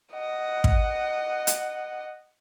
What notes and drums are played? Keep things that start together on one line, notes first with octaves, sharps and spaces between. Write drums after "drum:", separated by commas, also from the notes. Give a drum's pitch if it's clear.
D#5 F#5
drum: kick
drum: hi-hat